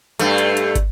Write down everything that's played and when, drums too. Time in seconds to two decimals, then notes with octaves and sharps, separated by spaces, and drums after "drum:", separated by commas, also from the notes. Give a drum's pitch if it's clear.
0.19 G2 A3, drum: hi-hat
0.38 drum: hi-hat
0.57 drum: hi-hat
0.75 drum: kick, hi-hat